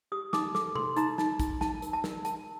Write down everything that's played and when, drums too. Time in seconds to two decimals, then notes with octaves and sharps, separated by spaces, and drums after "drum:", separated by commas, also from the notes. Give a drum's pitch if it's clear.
0.12 G4 D#6
0.33 D#4 D6, drum: snare
0.55 A4 D6, drum: snare
0.75 A4 C6, drum: tom C3
0.97 D#4 A#5, drum: hi-hat
1.18 D#4, drum: snare
1.39 D#4, drum: kick, hi-hat
1.61 D#4 A5, drum: snare
1.82 A#4, drum: hi-hat
1.93 A5
2.04 A#4, drum: snare
2.25 A#4 A5, drum: hi-hat